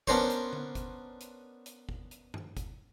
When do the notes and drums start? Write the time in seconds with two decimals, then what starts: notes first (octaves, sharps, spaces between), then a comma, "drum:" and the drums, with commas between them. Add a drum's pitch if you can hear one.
0.07 B3 C#4 D4 A#4 C5 C#5, drum: kick G1
0.30 drum: hi-hat
0.53 drum: tom D3
0.75 drum: kick G1, hi-hat
1.21 drum: hi-hat
1.66 drum: hi-hat
1.89 drum: kick G1
2.11 drum: hi-hat
2.34 drum: tom G2
2.57 drum: kick G1, hi-hat